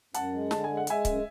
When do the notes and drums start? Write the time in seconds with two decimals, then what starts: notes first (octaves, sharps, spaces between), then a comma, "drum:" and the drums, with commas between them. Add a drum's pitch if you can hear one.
0.14 F#2 F#5 A5, drum: hi-hat
0.33 G#3
0.51 D3 A5, drum: snare
0.64 G#3 G#5
0.77 F#5
0.87 G#3 E5 G#5, drum: hi-hat
1.05 F#2, drum: kick C#1, hi-hat